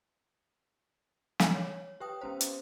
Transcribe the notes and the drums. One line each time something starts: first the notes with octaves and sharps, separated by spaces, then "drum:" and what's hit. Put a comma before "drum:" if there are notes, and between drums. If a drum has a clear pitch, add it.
drum: snare
C#5
G4 B4 G5 D#6
B3 C#4 C5
drum: hi-hat